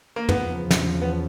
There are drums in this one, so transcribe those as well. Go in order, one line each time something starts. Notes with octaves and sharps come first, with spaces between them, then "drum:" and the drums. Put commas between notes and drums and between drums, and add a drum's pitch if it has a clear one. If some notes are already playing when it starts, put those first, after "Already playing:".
A#3
E2 C#3 F3 B3, drum: tom
drum: snare
B3